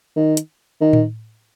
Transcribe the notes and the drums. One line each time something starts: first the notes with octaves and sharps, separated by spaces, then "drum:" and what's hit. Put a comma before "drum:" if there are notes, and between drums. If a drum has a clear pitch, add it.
D#3
drum: hi-hat
D#3
drum: tom A2